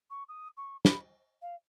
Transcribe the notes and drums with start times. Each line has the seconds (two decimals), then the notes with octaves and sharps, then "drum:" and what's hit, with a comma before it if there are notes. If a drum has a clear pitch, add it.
0.10 C#6
0.29 D#6
0.57 C#6
0.85 B5, drum: snare
1.42 F5